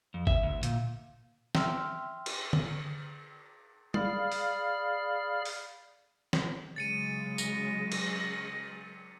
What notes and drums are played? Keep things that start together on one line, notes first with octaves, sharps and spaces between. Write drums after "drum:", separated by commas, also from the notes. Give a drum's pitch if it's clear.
F2
E5, drum: kick G#1
D2
A#2, drum: hi-hat
E5 G5 C6 E6 F6, drum: snare
drum: cymbal
drum: tom D3
G#4 D5 F5 B5 F6, drum: tom G3
drum: open hi-hat
drum: open hi-hat
drum: snare
C#3 F#3 G#3 A6 C#7 D#7
A#6, drum: tambourine
drum: cymbal